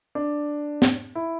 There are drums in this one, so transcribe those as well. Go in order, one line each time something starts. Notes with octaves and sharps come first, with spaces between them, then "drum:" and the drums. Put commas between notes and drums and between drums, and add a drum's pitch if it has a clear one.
D4
drum: snare
E4